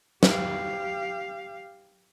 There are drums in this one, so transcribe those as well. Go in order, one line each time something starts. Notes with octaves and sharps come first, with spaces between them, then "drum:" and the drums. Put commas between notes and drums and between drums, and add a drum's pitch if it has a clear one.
G4 F5, drum: snare